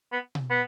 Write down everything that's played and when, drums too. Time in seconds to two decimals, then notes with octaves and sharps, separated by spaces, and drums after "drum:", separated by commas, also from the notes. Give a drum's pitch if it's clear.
0.12 B3
0.35 drum: tom B2
0.50 B3